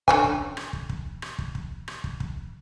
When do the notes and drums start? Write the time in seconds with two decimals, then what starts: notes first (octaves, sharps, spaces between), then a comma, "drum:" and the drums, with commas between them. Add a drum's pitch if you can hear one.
0.08 D3 C#4 G#5, drum: kick
0.24 drum: kick
0.57 drum: rim click
0.73 drum: kick
0.89 drum: kick
1.22 drum: rim click
1.39 drum: kick
1.55 drum: kick
1.88 drum: rim click
2.04 drum: kick
2.20 drum: kick